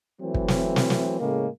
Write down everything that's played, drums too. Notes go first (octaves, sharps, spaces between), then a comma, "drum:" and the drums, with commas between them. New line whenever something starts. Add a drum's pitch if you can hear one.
E3 F#3 A3 C4
drum: kick
drum: snare
drum: snare
drum: snare
A2 C#3 G#3 A#3